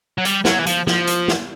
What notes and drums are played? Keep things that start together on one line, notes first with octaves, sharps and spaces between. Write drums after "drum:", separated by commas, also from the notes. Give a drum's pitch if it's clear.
F#3
G3, drum: hi-hat
F#3, drum: snare
E3
F3, drum: hi-hat
F3, drum: snare
drum: hi-hat
drum: snare